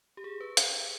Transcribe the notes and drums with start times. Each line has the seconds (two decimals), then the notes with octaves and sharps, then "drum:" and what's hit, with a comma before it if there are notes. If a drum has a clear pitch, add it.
0.17 G4
0.24 G#4
0.40 B4
0.57 drum: hi-hat